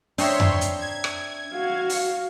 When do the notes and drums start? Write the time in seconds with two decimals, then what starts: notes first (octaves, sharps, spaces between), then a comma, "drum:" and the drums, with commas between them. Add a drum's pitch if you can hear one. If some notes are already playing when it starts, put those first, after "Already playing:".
0.18 C4 D4 D#4 C#5 E5 C6, drum: open hi-hat
0.40 drum: tom F2
0.61 drum: hi-hat
0.80 G#6
1.04 drum: rim click
1.54 F#4 F5
1.89 drum: open hi-hat